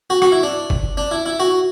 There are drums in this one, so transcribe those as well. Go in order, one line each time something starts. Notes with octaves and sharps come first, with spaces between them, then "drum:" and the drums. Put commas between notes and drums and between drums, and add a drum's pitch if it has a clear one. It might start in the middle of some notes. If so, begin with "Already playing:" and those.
F#4
F#4, drum: rim click
E4
D4
drum: kick G1
D4
E4
E4
F#4